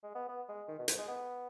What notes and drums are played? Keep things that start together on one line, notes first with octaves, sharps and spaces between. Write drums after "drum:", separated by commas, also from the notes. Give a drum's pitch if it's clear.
G#3
B3
B3
G#3
D#3
B2
G#2, drum: hi-hat
G#3
B3